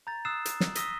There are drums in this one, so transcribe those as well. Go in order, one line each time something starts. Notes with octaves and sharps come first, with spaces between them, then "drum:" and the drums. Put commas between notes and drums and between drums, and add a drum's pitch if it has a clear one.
A#5 G6 A6
D#6 E6 F#6 A6 C7 E7
drum: hi-hat
drum: snare
D#6 E6 A#6 B6 D#7 G7, drum: hi-hat